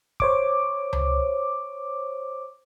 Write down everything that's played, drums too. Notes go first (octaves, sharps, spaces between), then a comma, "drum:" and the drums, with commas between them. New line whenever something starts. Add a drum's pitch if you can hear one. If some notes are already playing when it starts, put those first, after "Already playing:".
C5 C#5 D6, drum: kick
drum: tom C#2